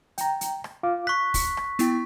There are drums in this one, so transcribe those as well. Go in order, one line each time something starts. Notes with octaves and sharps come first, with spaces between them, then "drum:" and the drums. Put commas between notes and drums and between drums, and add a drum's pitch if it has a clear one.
G5 A#5, drum: hi-hat
drum: hi-hat
drum: rim click
F4 F5 D6
C#6 F#6 B6
drum: kick, open hi-hat
drum: rim click
B3 E4 G5, drum: hi-hat